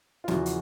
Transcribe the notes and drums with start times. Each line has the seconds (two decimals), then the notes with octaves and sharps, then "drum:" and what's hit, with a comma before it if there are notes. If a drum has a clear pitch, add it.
0.24 F4
0.28 E2 C#3 F3 E4 F#4, drum: snare
0.46 drum: hi-hat